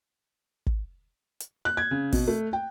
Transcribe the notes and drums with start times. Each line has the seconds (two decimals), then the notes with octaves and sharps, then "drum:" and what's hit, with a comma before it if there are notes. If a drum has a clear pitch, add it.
0.66 drum: kick
1.40 drum: hi-hat
1.65 F#6
1.77 G#6
1.91 C#3
2.12 B2, drum: kick, open hi-hat
2.28 A3
2.53 G5